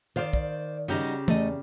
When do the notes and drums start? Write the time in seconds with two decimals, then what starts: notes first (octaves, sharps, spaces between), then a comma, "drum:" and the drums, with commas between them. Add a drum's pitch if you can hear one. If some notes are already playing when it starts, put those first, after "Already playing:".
0.16 D#3 C5 D5 F5
0.33 drum: kick
0.88 C#3 G3 D#4 F#4 G4 A#5
1.28 E2 A3 D#5, drum: tom